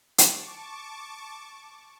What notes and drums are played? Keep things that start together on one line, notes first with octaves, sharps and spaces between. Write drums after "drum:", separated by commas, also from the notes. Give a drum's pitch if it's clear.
A5 C#6 D6, drum: hi-hat